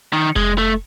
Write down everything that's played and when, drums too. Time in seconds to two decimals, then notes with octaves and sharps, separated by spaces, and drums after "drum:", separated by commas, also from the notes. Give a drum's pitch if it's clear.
0.13 D#3
0.36 G#3, drum: kick F1
0.58 A3